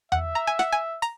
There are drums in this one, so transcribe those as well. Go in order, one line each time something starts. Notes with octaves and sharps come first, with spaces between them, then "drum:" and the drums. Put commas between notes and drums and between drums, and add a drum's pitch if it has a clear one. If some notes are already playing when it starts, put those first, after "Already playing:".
E5 F#5, drum: tom E2
A#5
G#5
F#5, drum: snare
G#5
A#5, drum: hi-hat